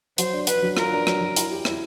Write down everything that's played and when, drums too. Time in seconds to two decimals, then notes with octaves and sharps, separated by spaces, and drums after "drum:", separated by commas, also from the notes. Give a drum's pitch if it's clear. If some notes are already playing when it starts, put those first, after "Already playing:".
0.18 F#3 C5, drum: hi-hat
0.33 D4
0.47 D4 B4, drum: hi-hat
0.62 F#3
0.77 F4 A#4, drum: rim click
0.92 D4
1.07 F#3, drum: rim click
1.21 F#3
1.36 E4, drum: hi-hat
1.51 G4
1.65 E4, drum: rim click